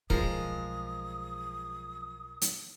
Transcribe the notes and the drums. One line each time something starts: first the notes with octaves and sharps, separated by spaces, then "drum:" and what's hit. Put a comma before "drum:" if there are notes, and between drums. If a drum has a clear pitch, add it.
B1 F3 G#3 A3 A#4 D#6, drum: kick
drum: hi-hat